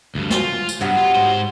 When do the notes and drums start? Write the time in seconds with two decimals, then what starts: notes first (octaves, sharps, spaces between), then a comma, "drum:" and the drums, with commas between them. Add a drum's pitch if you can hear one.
0.15 D2 G2
0.30 F4, drum: snare
0.69 drum: tambourine
0.81 G2 C3 F#3 B3
0.97 F4
1.16 G#2 C5